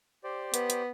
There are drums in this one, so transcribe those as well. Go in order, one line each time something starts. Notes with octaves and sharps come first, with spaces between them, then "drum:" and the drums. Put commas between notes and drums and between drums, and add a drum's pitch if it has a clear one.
G4 C5 D5
B3, drum: hi-hat
drum: hi-hat